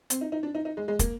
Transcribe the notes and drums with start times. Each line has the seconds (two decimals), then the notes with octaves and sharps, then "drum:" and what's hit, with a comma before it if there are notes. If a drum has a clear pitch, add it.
0.10 C4, drum: hi-hat
0.21 D#4
0.32 D#4
0.43 D4
0.55 D#4
0.65 D#4
0.77 G#3
0.88 G#3
0.99 A#3, drum: kick, hi-hat